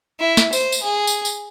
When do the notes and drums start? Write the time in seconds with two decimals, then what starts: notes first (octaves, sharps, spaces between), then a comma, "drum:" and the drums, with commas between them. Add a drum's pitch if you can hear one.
0.20 E4
0.37 drum: snare
0.53 C5, drum: tambourine
0.72 drum: tambourine
0.82 G#4
1.07 drum: tambourine
1.25 drum: tambourine